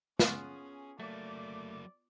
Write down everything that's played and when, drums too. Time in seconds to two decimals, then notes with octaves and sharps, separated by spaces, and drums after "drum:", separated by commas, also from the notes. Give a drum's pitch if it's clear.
0.20 B3 C#4 F4 F#4 G#4, drum: snare
1.00 F#3 A3 A#3 D5 D6